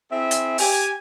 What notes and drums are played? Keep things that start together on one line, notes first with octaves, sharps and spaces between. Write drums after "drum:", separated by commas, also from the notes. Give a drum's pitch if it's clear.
C4 E4 G#4 E5
drum: hi-hat
G4 G#5, drum: open hi-hat